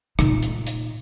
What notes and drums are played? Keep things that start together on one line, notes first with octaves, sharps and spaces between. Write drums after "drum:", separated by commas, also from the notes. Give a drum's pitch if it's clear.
A#2 D#4, drum: rim click
drum: hi-hat
drum: hi-hat